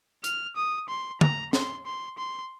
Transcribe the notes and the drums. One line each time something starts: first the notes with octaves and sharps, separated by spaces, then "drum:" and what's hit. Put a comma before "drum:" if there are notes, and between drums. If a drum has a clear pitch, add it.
F6, drum: hi-hat
D#6
C6
A#5, drum: tom
C6, drum: snare
C6
C6